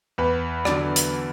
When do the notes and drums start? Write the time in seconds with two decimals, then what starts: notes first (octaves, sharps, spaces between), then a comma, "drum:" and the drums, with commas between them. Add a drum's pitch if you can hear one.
0.18 E2 B4
0.65 D3 F#3 D5, drum: rim click
0.96 drum: hi-hat